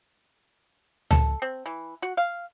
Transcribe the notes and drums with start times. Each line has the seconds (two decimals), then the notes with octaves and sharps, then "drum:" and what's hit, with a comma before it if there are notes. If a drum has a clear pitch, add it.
1.11 A4, drum: tom C#2
1.42 C4
1.66 E3
2.02 F#4
2.17 F5